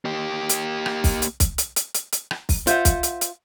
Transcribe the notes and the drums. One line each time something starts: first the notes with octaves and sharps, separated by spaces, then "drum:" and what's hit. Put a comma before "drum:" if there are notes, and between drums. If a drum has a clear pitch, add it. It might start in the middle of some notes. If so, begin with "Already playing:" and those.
A#3 G4
drum: hi-hat
drum: rim click
drum: kick, open hi-hat
drum: hi-hat
drum: kick, hi-hat
drum: hi-hat
drum: hi-hat
drum: hi-hat
drum: hi-hat
drum: rim click
drum: kick, open hi-hat
F4 C5 E5 F#5, drum: hi-hat
drum: kick, hi-hat
drum: hi-hat
drum: hi-hat